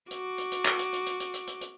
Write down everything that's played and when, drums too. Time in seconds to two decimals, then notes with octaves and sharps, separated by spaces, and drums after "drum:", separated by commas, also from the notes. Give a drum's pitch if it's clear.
0.11 F#4 D6, drum: hi-hat
0.38 drum: hi-hat
0.52 drum: hi-hat
0.65 drum: clap
0.79 drum: hi-hat
0.93 drum: hi-hat
1.06 drum: hi-hat
1.20 drum: hi-hat
1.34 drum: hi-hat
1.47 drum: hi-hat
1.61 drum: hi-hat